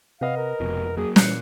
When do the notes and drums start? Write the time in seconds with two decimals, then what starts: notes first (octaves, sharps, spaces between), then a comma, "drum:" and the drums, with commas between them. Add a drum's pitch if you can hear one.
0.21 C3 B4 D#5 F5 F#5
0.36 A#4
0.60 F1 F2 B2
0.97 F#3 A#3 G#4
1.16 A#2 E3 G3 F#6 C7 C#7, drum: snare